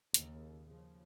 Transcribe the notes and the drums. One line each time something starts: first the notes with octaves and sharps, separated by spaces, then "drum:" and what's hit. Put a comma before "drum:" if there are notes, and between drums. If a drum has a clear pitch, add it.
D#2 C#3, drum: hi-hat
C#3 F3